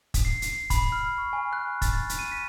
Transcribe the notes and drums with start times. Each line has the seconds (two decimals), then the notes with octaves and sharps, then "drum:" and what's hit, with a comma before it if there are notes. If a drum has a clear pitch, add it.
0.14 drum: kick, hi-hat
0.25 C7
0.42 C7, drum: hi-hat
0.70 B5, drum: kick, hi-hat
0.92 F6
1.18 C#6
1.33 G#5
1.53 F#6
1.82 A6, drum: kick, hi-hat
2.09 drum: hi-hat
2.19 D#7
2.32 B6